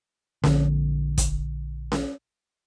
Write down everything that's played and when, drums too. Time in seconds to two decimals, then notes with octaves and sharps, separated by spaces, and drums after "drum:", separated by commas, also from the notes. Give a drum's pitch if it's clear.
0.44 A#1 D3, drum: snare C#4
1.18 drum: kick, hi-hat
1.92 drum: snare C#4